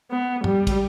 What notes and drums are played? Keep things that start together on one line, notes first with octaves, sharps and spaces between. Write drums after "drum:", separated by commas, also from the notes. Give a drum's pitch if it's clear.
B3
G3, drum: tom
drum: kick, cymbal